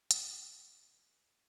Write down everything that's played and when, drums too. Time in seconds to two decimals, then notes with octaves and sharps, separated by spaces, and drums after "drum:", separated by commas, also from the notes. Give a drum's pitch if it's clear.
0.11 D#4, drum: hi-hat